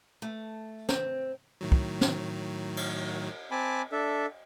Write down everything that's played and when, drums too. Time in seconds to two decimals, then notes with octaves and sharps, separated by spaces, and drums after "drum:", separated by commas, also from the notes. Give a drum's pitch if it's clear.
0.22 A3
0.89 C4, drum: snare
1.61 A2 D#3 F#3
1.72 drum: kick
2.01 drum: snare
2.77 drum: cymbal
3.51 C4 G#5 A5 B5 D6
3.92 D4 A4 E5